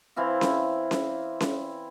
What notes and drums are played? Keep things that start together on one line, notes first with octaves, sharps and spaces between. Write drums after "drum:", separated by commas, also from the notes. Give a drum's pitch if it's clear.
E3 C4 E4 F5
drum: snare C#4
drum: snare C#4
drum: snare C#4